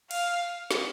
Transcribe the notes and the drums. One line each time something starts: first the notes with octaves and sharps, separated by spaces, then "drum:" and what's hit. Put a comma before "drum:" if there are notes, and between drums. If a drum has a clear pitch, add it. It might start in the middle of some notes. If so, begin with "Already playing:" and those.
F5, drum: cymbal
drum: snare